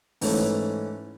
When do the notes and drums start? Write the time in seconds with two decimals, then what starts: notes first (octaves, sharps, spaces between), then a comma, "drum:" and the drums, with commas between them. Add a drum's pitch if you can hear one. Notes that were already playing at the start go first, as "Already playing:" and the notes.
0.21 G#2 E3 A3 C#4, drum: open hi-hat